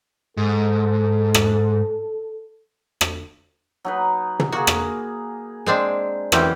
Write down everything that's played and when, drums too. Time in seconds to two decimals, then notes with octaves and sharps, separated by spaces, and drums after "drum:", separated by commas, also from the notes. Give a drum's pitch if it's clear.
0.37 G#2 A4
1.34 drum: rim click
3.01 drum: rim click
3.85 F#3 D#4 B4
4.39 drum: tom
4.52 A#3 F#4 G#4
4.67 drum: rim click
5.66 G#3 C4 D4
6.32 F#2 E3 C4 G4, drum: rim click